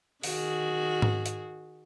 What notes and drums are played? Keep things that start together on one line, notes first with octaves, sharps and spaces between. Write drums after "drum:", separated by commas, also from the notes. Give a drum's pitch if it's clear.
D#3 F#4 G#4, drum: open hi-hat
drum: tom G#2
drum: hi-hat